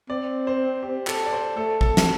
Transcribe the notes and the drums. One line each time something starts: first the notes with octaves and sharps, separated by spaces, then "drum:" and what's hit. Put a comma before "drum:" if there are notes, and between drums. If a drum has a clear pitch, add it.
C4 D5
C5
G4
A4, drum: clap
D5
C5
A3 A4
A4, drum: kick
drum: snare